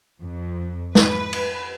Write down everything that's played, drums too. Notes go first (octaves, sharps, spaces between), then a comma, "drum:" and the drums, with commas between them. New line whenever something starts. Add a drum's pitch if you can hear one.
F2
B4, drum: snare
drum: cymbal